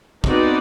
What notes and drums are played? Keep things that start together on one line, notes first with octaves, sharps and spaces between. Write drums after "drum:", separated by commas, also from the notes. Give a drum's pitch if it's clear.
B3 C4 D#4 F#4 B4 D5, drum: kick